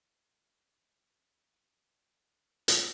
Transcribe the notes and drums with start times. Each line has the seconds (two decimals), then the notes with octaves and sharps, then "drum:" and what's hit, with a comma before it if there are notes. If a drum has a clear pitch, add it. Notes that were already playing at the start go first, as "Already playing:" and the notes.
0.88 E5 G#5 A#5
1.40 D4 D#4 C#5 F5 C#7
1.63 D6
2.68 drum: hi-hat